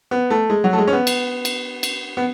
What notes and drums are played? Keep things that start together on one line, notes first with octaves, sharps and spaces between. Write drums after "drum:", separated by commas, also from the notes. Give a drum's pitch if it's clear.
B3
A3
G#3
F#3
A3
G#3
C#4
B3
drum: cymbal
drum: cymbal
drum: cymbal
B3